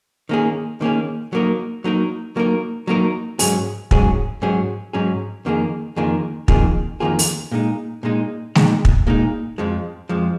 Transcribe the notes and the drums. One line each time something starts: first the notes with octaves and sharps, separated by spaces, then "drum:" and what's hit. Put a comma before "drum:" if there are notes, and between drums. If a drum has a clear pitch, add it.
D#3 A#3 C#4 G#4
D#3 A#3 C#4 G#4
F#3 A#3 D#4 A#4
F#3 A#3 D#4 A#4
F#3 A#3 D#4 A#4
F#3 A#3 D#4 A#4
G#2 F#3 C#4 G#4, drum: open hi-hat
G#2 F#3 C#4 G#4, drum: kick
G#2 F#3 C#4 G#4
G#2 F#3 C#4 G#4
F2 D#3 A#3 F4 G#4
F2 D#3 A#3 F4 G#4
F2 D#3 A#3 F4 G#4, drum: kick
F2 D#3 A#3 F4 G#4
drum: open hi-hat
A#2 G#3 D#4
A#2 G#3 D#4
A#2 G#3 D#4, drum: snare A3
drum: kick
A#2 G#3 D#4
F2 F3 G#3
F2 F3 G#3